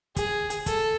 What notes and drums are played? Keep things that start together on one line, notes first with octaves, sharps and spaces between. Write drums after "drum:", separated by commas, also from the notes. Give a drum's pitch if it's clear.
G#4, drum: kick, hi-hat
drum: hi-hat
A4, drum: kick, hi-hat